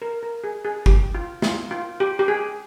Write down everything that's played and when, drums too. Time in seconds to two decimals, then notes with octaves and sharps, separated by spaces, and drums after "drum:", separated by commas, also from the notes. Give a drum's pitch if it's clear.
0.02 A#4
0.23 A#4
0.44 G#4
0.65 G#4
0.86 G4, drum: kick G1
1.15 F4
1.42 F4, drum: snare
1.71 F4
2.00 G4
2.19 G4
2.28 G#4